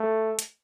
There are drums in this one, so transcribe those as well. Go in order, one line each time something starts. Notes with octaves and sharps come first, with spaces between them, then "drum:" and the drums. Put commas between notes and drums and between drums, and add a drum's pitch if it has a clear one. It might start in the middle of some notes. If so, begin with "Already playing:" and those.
Already playing: A3
drum: hi-hat